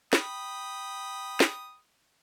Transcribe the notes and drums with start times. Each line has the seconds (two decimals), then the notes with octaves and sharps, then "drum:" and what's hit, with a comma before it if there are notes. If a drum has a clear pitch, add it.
0.13 G5 B5 D#6, drum: snare
1.40 drum: snare